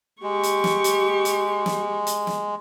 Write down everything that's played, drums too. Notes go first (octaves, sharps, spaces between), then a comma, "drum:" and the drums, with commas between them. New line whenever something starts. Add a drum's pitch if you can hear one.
G#3 G4 C#6
drum: hi-hat
drum: snare
drum: hi-hat
drum: hi-hat
drum: snare
drum: hi-hat
drum: snare